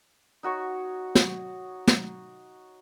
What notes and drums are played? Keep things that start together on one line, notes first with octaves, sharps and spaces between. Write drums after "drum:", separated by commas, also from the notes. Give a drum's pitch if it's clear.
D#4 F#4 C#5 C#6
drum: snare
drum: snare